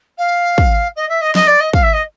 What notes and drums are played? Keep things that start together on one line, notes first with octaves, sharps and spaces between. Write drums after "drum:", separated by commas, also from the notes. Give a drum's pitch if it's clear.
F5
drum: kick
D#5
E5
D#5
D#5, drum: snare
D5
D#5
F5, drum: kick
E5
D#5